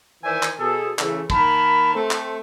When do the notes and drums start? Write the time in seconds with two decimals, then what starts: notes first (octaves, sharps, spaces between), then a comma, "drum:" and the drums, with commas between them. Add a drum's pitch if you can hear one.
0.23 D#3 E3 C5 D5 E5 G#5
0.43 drum: clap
0.58 B2 G#4 A4
0.99 C#3 E3 A3, drum: clap
1.30 D#3 A#3 A#4 A5 B5, drum: kick
1.94 A3 C4
2.11 drum: clap